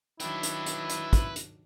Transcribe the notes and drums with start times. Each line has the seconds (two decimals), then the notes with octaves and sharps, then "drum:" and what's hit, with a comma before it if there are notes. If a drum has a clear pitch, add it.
0.20 D#3 F#3 D4 E4 B4 G5, drum: hi-hat
0.43 drum: hi-hat
0.66 drum: hi-hat
0.90 drum: hi-hat
1.13 drum: kick, hi-hat
1.36 drum: hi-hat